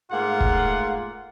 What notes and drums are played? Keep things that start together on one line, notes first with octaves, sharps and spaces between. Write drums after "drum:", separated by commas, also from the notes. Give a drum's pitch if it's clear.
G#2 A3 A#3 F4 F#5
drum: kick